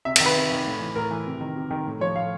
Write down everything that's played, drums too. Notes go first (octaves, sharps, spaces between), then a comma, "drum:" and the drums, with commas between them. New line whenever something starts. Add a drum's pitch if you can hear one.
C3 E5
E5, drum: cymbal
D#3
B4
C3
D#3
A2
E3
A2 A#4
E3
C3
D#3
C3
D#3
A2
F3 C#5
A2 F5